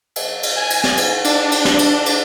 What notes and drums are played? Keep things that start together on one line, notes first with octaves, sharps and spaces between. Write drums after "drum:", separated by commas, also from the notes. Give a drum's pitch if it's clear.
drum: cymbal
drum: cymbal
G#5
drum: cymbal
drum: snare
drum: cymbal
D4, drum: cymbal
drum: cymbal
drum: snare
drum: cymbal
drum: cymbal